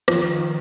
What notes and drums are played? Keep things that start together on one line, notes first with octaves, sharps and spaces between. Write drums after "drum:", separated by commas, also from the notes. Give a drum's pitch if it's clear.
D#3 F3, drum: rim click